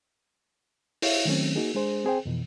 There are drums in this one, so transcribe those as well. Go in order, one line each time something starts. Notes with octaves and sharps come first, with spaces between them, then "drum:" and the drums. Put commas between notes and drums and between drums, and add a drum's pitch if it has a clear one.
E4 C#5 E5 F5, drum: open hi-hat
D#3 F#3 A3 C4 C#4
A#3 D#4 F#4 G#4
G#3 D4 G#4 C5
C4 G#4 C5 G5
F2 B2 E3